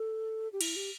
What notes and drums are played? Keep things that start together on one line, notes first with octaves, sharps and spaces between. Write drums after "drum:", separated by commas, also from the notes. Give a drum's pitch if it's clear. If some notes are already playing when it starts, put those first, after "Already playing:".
Already playing: A4
G4
E4, drum: cymbal
G4